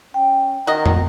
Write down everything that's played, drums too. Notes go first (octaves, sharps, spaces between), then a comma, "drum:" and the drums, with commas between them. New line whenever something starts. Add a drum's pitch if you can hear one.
C#4 G5
D#3 F#4 D#5 A#5
drum: tom F2